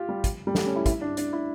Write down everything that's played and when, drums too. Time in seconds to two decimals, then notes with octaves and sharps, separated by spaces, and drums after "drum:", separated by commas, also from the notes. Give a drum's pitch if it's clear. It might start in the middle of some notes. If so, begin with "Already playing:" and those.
Already playing: F4 G4
0.09 G3
0.24 drum: kick, hi-hat
0.47 G3
0.55 A3, drum: snare
0.66 C#4
0.76 E4
0.86 E4, drum: kick, hi-hat
1.01 D4
1.17 D4, drum: hi-hat
1.33 E4